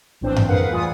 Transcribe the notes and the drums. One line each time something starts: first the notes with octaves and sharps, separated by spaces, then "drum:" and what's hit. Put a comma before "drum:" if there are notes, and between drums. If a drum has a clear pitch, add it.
A#1 A2 E3 C4 D4 C5
drum: tom F#2
G#4 A#4 B4 F5 F#5
D2 E3 G3 F4 G#5 D#6